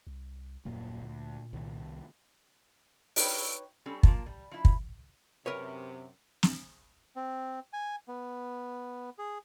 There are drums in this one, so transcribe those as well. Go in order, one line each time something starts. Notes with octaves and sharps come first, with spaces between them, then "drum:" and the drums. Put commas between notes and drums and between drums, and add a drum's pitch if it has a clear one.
C2
D#1 F#2 A#2 A#3
D2
C2 D#3
D#4 F#4 B4 C#5 G5, drum: open hi-hat
G3 C4 C#4 A4
F3 A#3 F4 A5, drum: kick
G3
F3 E4
drum: kick
F#2 C3 A#4 B4 C#5
drum: snare
C4
G#5
B3
G#4